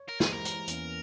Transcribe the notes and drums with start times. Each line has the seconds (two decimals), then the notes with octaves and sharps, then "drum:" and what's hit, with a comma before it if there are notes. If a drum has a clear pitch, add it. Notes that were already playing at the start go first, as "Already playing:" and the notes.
Already playing: C#5
0.09 A#4
0.20 E3 G#3 E4 G4 G#4 C5, drum: snare
0.33 A#4
0.45 drum: hi-hat
0.68 E2 E3 A#3 C#4, drum: hi-hat